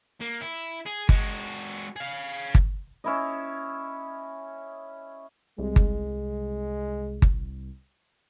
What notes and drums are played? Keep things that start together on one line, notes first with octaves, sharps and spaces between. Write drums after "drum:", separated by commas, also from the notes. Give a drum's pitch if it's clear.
A#3
E4
G#4
G#3 F#4, drum: kick G1
G#4 F5
drum: kick G1
C#4 E4 D#5
C2 G#3
drum: kick G1
drum: kick G1